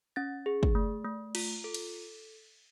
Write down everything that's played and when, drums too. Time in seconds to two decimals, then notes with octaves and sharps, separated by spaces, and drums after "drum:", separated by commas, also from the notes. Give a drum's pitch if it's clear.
0.16 C#4 A6
0.46 G#4
0.63 drum: kick
0.75 A3
1.05 A3
1.35 F4, drum: cymbal
1.64 A4
1.74 drum: cymbal